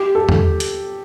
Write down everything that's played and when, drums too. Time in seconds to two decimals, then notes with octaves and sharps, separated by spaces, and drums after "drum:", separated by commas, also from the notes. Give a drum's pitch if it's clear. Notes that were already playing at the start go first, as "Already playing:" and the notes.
Already playing: G4
0.15 A4
0.29 drum: tom
0.60 drum: hi-hat